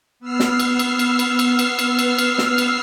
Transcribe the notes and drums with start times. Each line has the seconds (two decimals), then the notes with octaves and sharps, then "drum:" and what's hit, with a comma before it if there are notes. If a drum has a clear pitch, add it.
0.20 B3 E6 F6 C7
0.40 drum: snare
0.59 drum: cymbal
0.79 drum: cymbal
0.99 drum: cymbal
1.19 drum: cymbal
1.39 drum: cymbal
1.59 drum: cymbal
1.79 drum: cymbal
1.99 drum: cymbal
2.18 drum: cymbal
2.38 drum: snare
2.58 drum: cymbal